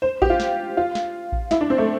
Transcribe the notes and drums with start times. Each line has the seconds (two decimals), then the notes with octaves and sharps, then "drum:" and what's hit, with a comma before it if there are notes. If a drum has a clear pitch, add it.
0.02 C5
0.22 G4, drum: kick A1
0.30 F4
0.40 drum: snare
0.77 F4
0.95 drum: snare
1.32 drum: kick A1
1.51 E4, drum: snare
1.61 D4
1.70 C4
1.78 A3